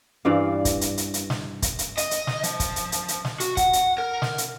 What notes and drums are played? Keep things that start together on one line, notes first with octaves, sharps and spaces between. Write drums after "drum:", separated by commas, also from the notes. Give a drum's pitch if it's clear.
G2 E3 D5 F5
drum: kick, hi-hat
drum: hi-hat
drum: hi-hat
drum: hi-hat
drum: snare
drum: kick, hi-hat
drum: hi-hat
D#5, drum: hi-hat
drum: hi-hat
drum: snare
F3, drum: hi-hat
drum: kick, hi-hat
drum: hi-hat
drum: hi-hat
drum: hi-hat
drum: snare
F#4, drum: hi-hat
F#5, drum: kick, hi-hat
drum: hi-hat
A#4
drum: snare
drum: hi-hat